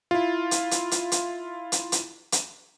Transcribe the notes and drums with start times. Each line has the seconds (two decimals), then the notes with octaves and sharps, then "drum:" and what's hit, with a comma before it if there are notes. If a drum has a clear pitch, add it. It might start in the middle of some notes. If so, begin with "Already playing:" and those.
0.11 E4 F4
0.51 drum: hi-hat
0.71 drum: hi-hat
0.91 drum: hi-hat
1.12 drum: hi-hat
1.72 drum: hi-hat
1.92 drum: hi-hat
2.32 drum: hi-hat